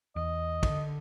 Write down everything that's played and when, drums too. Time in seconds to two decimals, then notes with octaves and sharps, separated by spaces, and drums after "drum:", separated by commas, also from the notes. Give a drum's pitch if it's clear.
0.16 E2 D#5
0.63 D3, drum: kick, cymbal